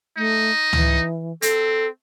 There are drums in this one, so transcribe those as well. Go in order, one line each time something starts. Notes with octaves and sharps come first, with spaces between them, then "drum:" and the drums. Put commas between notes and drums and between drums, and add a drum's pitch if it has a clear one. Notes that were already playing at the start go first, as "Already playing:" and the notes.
A3 D#4
E3, drum: tom C#2
C4 A4, drum: hi-hat